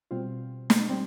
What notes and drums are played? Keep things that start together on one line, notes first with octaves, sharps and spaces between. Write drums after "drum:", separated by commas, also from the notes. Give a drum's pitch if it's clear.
B2 G3 C4 F4
drum: snare
G3 C4